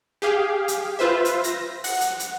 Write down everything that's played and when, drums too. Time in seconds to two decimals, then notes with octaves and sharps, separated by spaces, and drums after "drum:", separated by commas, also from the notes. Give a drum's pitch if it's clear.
0.22 G4 G#4 F5
0.68 drum: hi-hat
0.99 F4 B4 C5 E5
1.25 drum: hi-hat
1.44 A#6, drum: hi-hat
1.84 F#5, drum: open hi-hat
2.01 drum: hi-hat
2.20 drum: hi-hat